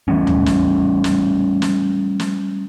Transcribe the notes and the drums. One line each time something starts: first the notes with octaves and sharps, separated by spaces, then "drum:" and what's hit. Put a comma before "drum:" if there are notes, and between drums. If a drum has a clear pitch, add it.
E3 G3 A3 C#4
drum: tom D#2
drum: snare
drum: snare
drum: snare
drum: snare